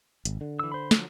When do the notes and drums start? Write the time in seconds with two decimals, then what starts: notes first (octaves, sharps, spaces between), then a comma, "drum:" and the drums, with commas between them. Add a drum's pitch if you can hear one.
0.25 G#1, drum: hi-hat
0.41 D3
0.59 E3 E6
0.72 C5 B5
0.91 F3 F#3, drum: snare